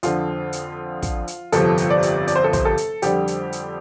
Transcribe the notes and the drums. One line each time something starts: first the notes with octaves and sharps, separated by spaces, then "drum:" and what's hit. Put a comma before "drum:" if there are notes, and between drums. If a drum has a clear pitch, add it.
F2 D3 F3 F4, drum: hi-hat
drum: hi-hat
drum: kick, hi-hat
drum: hi-hat
G1 F2 C3 F3 A4, drum: hi-hat
drum: hi-hat
D5
drum: hi-hat
D5, drum: hi-hat
C5
A4
C5, drum: kick, hi-hat
A4
drum: hi-hat
F2 D3 G3 G4, drum: hi-hat
drum: hi-hat
drum: hi-hat